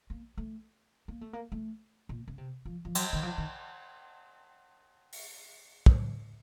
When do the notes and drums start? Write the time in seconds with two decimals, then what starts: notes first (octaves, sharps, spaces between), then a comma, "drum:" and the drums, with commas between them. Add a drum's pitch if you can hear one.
0.10 A#3
0.37 A3
1.08 A#3
1.21 A3
1.33 A#3
1.52 A3
2.09 A#2
2.28 C#3
2.38 C3
2.65 F3
2.85 F3
2.95 F#3, drum: cymbal
3.13 D#3
3.23 F3
3.38 D#3
5.13 drum: open hi-hat
5.86 drum: kick